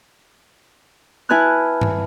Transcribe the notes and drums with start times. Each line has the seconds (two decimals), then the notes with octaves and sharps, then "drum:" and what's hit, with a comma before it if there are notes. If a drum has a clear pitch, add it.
1.29 E4 B4 G#5 A5 F6 F#6
1.81 drum: tom G2